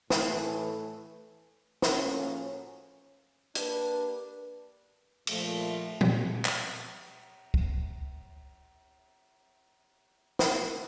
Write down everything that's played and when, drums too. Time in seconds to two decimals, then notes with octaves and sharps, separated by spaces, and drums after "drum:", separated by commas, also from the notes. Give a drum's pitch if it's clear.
0.10 A2 E3 A3, drum: snare
1.82 A2 F3 A#3 C#4 F#4, drum: snare
3.55 A#3 D4 G4 B4, drum: hi-hat
5.27 A#2 F3 A3, drum: cymbal
6.01 drum: tom A#2
6.45 drum: clap
7.54 drum: kick
10.39 drum: snare